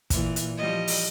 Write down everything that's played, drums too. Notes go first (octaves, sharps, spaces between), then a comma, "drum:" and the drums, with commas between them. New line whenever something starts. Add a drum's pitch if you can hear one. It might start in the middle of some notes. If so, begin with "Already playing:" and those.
A#2 E3, drum: kick, hi-hat
drum: hi-hat
F3 G3 D#5
drum: open hi-hat